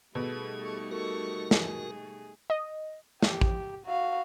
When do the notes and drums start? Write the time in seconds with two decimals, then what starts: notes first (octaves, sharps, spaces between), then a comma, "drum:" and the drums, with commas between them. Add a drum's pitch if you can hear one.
0.15 B2 G3 A3 D#4 G#4 A4 B4
0.61 A4 C#6
0.91 F#4 A4 A#4 C#6
1.51 G#4, drum: snare
2.50 D#5
3.22 G4, drum: snare
3.41 drum: kick A1
3.86 F#4 F5